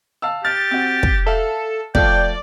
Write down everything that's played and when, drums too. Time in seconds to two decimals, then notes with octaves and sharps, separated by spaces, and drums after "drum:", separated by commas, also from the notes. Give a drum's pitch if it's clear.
0.22 F5 A5 E6
0.45 G4 F6 A6
0.71 C4 F#4
1.03 drum: kick
1.26 A4 E5 F5
1.95 F3 A3 F4 D5 G5, drum: kick